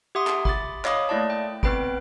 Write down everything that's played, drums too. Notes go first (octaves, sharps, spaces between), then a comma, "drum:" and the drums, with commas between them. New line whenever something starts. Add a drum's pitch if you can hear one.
G4 E5 F#5 C6 D#6
drum: clap
B5 D6 A6, drum: kick
C#5 D#5 F5 B5 D6 D#6, drum: clap
A3 A#3 E4 D5 A5
G5
B3 C4 B4 G5 B5 D7, drum: kick